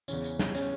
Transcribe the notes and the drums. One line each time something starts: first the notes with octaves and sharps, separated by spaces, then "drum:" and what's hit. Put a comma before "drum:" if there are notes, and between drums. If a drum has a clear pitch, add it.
E2 C#3 E3 C#4, drum: tambourine
drum: tambourine
drum: snare
C#4, drum: tambourine